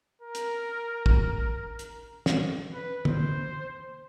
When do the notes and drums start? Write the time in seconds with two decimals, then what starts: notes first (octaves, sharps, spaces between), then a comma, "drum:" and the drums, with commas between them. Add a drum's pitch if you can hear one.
0.21 A#4
0.35 drum: hi-hat
1.06 drum: kick
1.79 drum: hi-hat
2.26 drum: snare
2.73 B4
3.05 C5, drum: tom